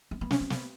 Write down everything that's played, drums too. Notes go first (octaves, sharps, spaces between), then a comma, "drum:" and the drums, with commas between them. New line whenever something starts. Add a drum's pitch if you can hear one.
B3
B3
C#4, drum: snare
C#4
B3, drum: snare